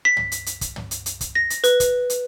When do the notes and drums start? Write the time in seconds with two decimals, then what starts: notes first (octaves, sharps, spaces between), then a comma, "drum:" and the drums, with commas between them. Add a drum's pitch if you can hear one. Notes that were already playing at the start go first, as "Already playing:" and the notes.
0.05 B6
0.17 drum: tom
0.32 drum: hi-hat
0.46 drum: hi-hat
0.61 drum: kick, hi-hat
0.76 drum: tom
0.91 drum: hi-hat
1.06 drum: hi-hat
1.21 drum: kick, hi-hat
1.35 A#6
1.50 drum: hi-hat
1.64 B4, drum: hi-hat
1.80 drum: kick, hi-hat
2.10 drum: hi-hat